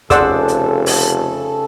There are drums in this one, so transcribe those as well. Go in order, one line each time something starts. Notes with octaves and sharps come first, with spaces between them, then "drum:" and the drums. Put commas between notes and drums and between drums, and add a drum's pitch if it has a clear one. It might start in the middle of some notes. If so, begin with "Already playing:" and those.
F1 C#3 G#4 A4 C5 D5 F#5 E6, drum: kick, hi-hat
drum: hi-hat
drum: open hi-hat